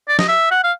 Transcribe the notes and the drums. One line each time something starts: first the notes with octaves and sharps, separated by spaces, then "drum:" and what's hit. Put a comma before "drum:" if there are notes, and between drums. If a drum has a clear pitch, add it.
D5
D#5, drum: snare
E5
F#5
F5